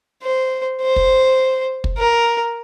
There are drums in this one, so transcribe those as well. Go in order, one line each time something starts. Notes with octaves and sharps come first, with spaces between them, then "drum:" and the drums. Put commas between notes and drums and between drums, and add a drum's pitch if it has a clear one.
C5
C5
drum: kick
drum: kick
A#4